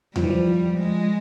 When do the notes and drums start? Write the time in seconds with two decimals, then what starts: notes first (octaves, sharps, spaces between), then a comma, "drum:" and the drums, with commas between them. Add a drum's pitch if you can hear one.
0.16 F3 G3, drum: tom E2
0.24 E3
0.30 F3
0.79 G#3